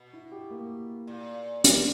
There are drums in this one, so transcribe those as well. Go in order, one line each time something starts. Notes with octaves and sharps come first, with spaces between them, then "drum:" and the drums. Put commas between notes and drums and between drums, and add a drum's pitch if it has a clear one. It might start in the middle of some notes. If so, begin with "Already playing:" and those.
Already playing: B2
E4
G4
A#3
A#2
D#4, drum: hi-hat